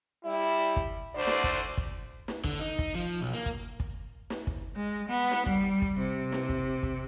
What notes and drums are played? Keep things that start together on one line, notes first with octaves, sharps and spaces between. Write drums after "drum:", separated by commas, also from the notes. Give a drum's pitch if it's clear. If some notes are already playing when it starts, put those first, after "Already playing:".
G3 E4
drum: kick
D2 D3 C5 D5
drum: snare
drum: kick
drum: kick
drum: snare
D3, drum: kick
D#4
drum: kick
F3
B1
A#3
drum: kick
drum: kick
drum: snare
drum: kick
G#3
B3
drum: snare
G3, drum: kick
drum: kick
C3
drum: snare
drum: kick
drum: kick